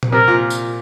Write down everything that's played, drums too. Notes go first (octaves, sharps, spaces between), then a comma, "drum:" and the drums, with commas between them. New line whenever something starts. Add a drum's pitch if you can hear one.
drum: tom A#2
C3 A#4
A#2
drum: tambourine